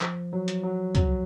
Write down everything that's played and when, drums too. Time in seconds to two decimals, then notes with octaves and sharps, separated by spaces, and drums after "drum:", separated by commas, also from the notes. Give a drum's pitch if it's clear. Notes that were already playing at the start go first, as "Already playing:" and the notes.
0.01 F3, drum: clap
0.33 F#3
0.48 drum: hi-hat
0.63 F#3
0.95 F#3, drum: kick, hi-hat